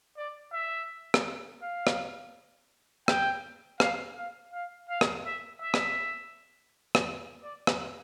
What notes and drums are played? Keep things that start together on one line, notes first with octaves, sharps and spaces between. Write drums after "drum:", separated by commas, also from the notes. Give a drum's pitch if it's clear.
D5
E5
drum: rim click
F5
drum: rim click
G5, drum: rim click
F5, drum: rim click
F5
F5
F5
drum: rim click
E5
E5
drum: rim click
drum: rim click
D5
drum: rim click